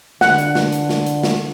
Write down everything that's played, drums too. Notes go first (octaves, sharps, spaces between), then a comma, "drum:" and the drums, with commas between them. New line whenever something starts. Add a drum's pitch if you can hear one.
D3 F#5, drum: snare
drum: hi-hat
drum: snare
drum: hi-hat
drum: snare
drum: hi-hat
drum: snare